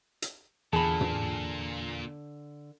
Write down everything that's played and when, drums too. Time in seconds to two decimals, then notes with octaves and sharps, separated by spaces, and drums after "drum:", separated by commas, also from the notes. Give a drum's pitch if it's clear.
0.22 drum: hi-hat
0.73 E2 A#2 D3 G#4 A5 B5
1.01 drum: tom